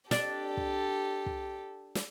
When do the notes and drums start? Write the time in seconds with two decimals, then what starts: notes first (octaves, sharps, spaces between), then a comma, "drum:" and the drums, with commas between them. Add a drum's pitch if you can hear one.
0.11 D4 G4 A4, drum: snare
0.57 drum: kick
1.26 drum: kick
1.95 drum: snare